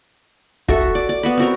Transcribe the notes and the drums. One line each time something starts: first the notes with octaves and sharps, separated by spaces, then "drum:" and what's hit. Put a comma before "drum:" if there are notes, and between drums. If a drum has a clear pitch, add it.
F#4 A4 E5, drum: kick
D5
D5
B3 F#4 B5
C4 F#4 A#4